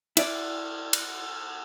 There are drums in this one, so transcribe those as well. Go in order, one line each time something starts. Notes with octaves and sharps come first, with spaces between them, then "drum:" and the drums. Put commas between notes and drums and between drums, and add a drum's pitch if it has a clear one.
E4 D5, drum: cymbal
drum: cymbal